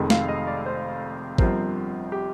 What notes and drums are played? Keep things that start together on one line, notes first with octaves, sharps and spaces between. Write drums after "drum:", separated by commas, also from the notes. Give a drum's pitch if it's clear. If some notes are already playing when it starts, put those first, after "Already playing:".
Already playing: F1 F2 D#3 G#3
F5, drum: snare
D#5
D5
C5
G1 G2 F3 C4 A#4, drum: kick
G4